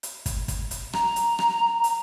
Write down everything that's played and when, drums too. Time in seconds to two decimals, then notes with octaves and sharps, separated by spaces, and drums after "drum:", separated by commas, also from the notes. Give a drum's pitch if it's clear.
0.03 drum: hi-hat
0.26 drum: kick, hi-hat
0.48 drum: kick, hi-hat
0.71 drum: hi-hat
0.93 A#5, drum: rim click
1.16 drum: hi-hat
1.39 drum: rim click
1.84 drum: hi-hat